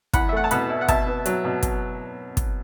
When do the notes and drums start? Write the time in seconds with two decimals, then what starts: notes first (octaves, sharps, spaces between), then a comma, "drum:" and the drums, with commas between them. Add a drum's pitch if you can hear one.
0.13 E2 F#5 B5, drum: kick, hi-hat
0.29 E5
0.32 A3 F#5
0.44 A5
0.51 B2 F#5 B5, drum: hi-hat
0.70 E4
0.81 F#5
0.88 B2 E5 A5, drum: kick, hi-hat
1.07 B3
1.26 F#3, drum: hi-hat
1.44 B2
1.63 drum: kick, hi-hat
2.37 drum: kick, hi-hat